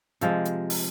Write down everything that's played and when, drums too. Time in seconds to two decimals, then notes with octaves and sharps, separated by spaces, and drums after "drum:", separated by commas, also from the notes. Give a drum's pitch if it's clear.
0.21 C3 F3 G#3, drum: hi-hat
0.45 drum: hi-hat
0.70 drum: open hi-hat